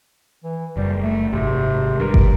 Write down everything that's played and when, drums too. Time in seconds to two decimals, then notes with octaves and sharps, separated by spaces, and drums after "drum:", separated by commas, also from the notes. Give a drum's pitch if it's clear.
0.44 E3
0.77 F#1 G3
1.02 A3
1.33 G#1 C3
2.00 G2 A#4
2.14 drum: kick